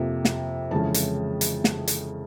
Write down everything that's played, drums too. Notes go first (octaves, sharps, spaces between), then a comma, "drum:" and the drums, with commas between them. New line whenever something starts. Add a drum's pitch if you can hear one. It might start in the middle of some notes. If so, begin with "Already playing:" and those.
Already playing: F2 C3 F3 A#3
drum: snare
F2 C#3 E3 G#3 C#4 A5
drum: hi-hat
drum: hi-hat
drum: snare
drum: hi-hat